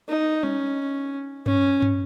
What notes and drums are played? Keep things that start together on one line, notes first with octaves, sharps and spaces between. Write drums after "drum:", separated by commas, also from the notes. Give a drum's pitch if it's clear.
D#4
C#4, drum: tom G3
C#4, drum: tom G2
drum: tom G2